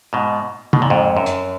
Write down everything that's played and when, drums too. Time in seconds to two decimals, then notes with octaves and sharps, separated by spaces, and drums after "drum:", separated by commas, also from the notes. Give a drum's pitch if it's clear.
0.13 G#2 B2
0.73 B2, drum: tom
0.82 A#2
0.90 F2 G#2
1.17 F#2
1.26 drum: hi-hat